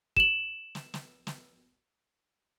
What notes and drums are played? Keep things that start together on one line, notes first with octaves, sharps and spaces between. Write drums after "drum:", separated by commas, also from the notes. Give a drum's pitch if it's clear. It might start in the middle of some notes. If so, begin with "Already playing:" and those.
E7 F#7, drum: kick
drum: snare
drum: snare
drum: snare